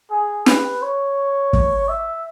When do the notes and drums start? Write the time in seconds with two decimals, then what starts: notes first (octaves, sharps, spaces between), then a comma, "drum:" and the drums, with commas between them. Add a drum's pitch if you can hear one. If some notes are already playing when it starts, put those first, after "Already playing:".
0.11 G#4
0.46 B4, drum: snare
0.82 C#5
1.53 drum: kick
1.89 E5